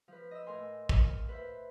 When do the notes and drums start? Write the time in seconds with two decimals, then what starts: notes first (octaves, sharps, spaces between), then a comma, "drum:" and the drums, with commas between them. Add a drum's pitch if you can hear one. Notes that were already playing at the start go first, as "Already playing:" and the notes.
0.08 F3 B4
0.31 D#5 E6
0.46 A2 A#4 G#5 C6
0.89 F5, drum: kick
1.29 B4 C5 E5